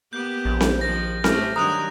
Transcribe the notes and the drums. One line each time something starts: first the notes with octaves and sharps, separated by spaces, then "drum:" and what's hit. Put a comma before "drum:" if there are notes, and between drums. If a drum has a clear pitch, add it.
A#3 B3 G4 G6
A#1
drum: snare C4
D#3 F3 A#6
A2 A3 G4 F6, drum: snare C4
G2 D#3 F#3 A#5 D#6 F#6 F7